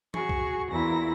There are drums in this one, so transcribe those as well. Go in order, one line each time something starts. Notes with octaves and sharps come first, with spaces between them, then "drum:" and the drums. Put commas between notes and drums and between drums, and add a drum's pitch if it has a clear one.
F#4 G#4 C#6, drum: tom E3
drum: kick B1
E2 A#2 E4 A#6